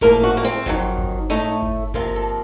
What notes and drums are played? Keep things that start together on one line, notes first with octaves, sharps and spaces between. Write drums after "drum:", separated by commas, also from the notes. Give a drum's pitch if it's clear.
A2 F3 A#3 A#4, drum: kick G1
F#4
A#3
C4
F2 D#3 F#3, drum: kick G1
drum: kick G1
A2 A3 D#4
drum: kick G1
C3 F3 A#3 F4, drum: kick G1
A4